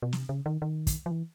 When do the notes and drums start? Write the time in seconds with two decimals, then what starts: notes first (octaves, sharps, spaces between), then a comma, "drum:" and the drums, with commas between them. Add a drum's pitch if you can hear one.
0.02 B2
0.13 C3, drum: snare
0.29 C#3
0.46 D#3
0.62 D#3
0.87 drum: kick, hi-hat
1.06 F3
1.11 E3